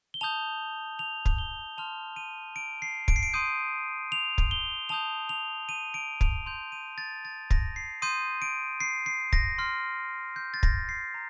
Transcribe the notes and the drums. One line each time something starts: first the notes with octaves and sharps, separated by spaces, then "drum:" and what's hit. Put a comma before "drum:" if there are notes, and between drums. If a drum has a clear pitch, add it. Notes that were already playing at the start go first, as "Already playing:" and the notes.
G7
A5 D#6 G6 F7
F7
drum: kick
G7
A5 C6 F6 F7
D#7
D7
C7
D7, drum: kick
C7
D7
C6 D#6 G6 D#7
F7
drum: kick
G7
A5 D#6 G6 F7
F7
D#7
D7
F7, drum: kick
C6 G6 F7
D#7
A6
A6
A#6, drum: kick
C7
C6 D#6 G6 D#7
D7
C7
C7
A#6, drum: kick
C6 F6
G6
A6
A#6, drum: kick
C7
A#5